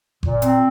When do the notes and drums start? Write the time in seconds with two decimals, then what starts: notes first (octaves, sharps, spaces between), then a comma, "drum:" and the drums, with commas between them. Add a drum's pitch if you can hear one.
0.23 A#2, drum: kick G1
0.42 C4, drum: hi-hat